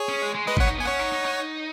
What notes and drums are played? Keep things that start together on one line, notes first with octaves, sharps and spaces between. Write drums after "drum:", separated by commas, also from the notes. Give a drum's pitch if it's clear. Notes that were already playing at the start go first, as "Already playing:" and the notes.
Already playing: G#4 C#5
C#4
G#3
G#3
G#3 B4 D#5
B3 C#5 F#5, drum: kick G1
D#4
B3 G#5
C#4 C#5 F#5
D#4
D#4
D#4